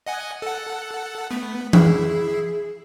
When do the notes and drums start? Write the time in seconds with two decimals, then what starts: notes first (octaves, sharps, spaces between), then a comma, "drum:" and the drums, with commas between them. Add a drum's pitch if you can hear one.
0.06 D#5 F#5 G#5
0.42 A4 F#5
1.31 A3 B3
1.73 E4 G#4, drum: tom E3